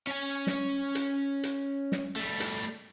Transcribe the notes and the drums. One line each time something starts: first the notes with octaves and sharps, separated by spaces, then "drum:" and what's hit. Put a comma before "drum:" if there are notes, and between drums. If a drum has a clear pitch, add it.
C#4 G#5
drum: snare
drum: hi-hat
drum: hi-hat
drum: snare
G3 A3
drum: hi-hat